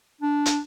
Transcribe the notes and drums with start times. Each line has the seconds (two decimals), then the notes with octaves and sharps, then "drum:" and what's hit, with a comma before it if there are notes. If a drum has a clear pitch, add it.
0.21 D4
0.46 drum: hi-hat